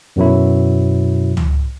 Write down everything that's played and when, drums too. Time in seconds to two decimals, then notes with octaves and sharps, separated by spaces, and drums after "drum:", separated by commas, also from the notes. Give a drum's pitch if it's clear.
0.16 F#2 B2 F#3 E4
1.37 drum: tom C#2